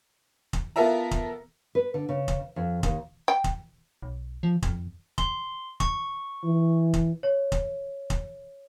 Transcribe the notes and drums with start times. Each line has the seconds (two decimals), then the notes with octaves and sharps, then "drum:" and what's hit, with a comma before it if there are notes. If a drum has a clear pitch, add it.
0.53 drum: kick F1
0.76 B3 F4 A4 A#4 E5 A#5
1.11 drum: kick F1
1.75 B4
1.94 D3
2.09 C#3
2.28 drum: kick F1
2.56 F2
2.83 D#2, drum: kick F1
3.28 G5
3.44 drum: kick F1
4.02 B1
4.43 F3
4.63 F2, drum: kick F1
5.18 C6, drum: kick F1
5.80 C#6, drum: kick F1
6.44 E3
6.94 drum: kick F1
7.23 C#5
7.52 drum: kick F1
8.10 drum: kick F1